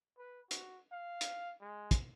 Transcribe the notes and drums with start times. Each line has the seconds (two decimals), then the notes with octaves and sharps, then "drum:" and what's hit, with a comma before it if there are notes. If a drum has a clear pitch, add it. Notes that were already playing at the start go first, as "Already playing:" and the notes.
0.18 B4
0.51 F#4, drum: hi-hat
0.92 F5
1.21 drum: hi-hat
1.61 G#3
1.91 drum: kick, hi-hat